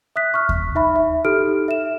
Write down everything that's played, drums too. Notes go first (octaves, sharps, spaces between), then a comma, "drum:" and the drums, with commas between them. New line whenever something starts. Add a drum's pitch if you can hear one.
E5 D#6 F#6 B6
C#6 F6
drum: kick D#2
D#4 E5 B5
E5
D#4 G4 A4 F6 D7
E5 E7